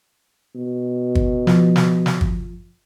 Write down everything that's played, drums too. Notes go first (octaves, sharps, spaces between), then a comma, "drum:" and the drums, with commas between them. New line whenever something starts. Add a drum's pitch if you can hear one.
B2
drum: kick
F3, drum: snare
drum: snare
drum: snare
drum: kick